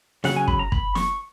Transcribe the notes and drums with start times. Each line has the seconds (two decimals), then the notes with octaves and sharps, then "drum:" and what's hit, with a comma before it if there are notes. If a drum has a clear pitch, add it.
0.24 C#3 F#3 C#4 F#5, drum: snare
0.36 G#5
0.48 B5, drum: kick
0.59 A#5
0.72 B5, drum: kick
0.95 C#6, drum: snare